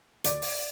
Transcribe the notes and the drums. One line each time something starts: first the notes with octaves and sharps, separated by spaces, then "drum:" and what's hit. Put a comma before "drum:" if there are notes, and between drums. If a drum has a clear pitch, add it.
D2 D5, drum: hi-hat
drum: open hi-hat